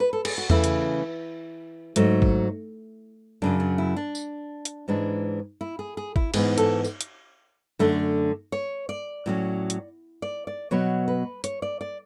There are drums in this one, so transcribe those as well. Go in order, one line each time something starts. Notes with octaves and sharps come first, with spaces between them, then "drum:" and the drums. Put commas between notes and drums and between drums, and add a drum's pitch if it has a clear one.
B4
A4
G#4, drum: cymbal
F#4
C#3 E3 A3 C#4 E4, drum: tom E2
drum: hi-hat
G#2 F#3 A3, drum: hi-hat
drum: kick
F#2 C#3 F#3 D4
D4
E4
D4
drum: tambourine
drum: hi-hat
G#2 E3 G#3 D4
E4
G#4
G#4
E4, drum: kick
G#2 E3 B3 G#4, drum: cymbal
A4, drum: hi-hat
drum: tambourine
drum: hi-hat
F#2 D3 A3 D4
C#5
D5
A2 F#3 C#4
drum: hi-hat
D5
D5
B2 F#3 B3 C#5
B4
C#5, drum: hi-hat
D5
D5